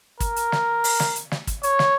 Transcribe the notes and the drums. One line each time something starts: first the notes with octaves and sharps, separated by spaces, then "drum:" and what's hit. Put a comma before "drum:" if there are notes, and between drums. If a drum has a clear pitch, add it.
A#4, drum: kick, hi-hat
drum: hi-hat
drum: snare
drum: open hi-hat
drum: snare
drum: hi-hat
drum: snare
drum: kick, hi-hat
C#5, drum: hi-hat
drum: snare